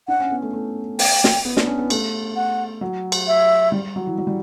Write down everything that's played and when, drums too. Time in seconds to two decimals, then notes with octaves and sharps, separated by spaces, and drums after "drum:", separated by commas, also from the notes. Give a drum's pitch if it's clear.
0.08 D4 F#5
0.20 C#4
0.31 B3
0.42 A3
0.53 A3
0.99 G5, drum: open hi-hat
1.24 drum: snare
1.45 B3
1.57 D4, drum: snare
1.67 C#4
1.78 B3
1.90 A3, drum: cymbal
2.36 F#5
2.81 F#3
3.12 drum: cymbal
3.28 E5
3.72 G3
3.96 F#3
4.07 E3
4.18 F#3
4.27 G3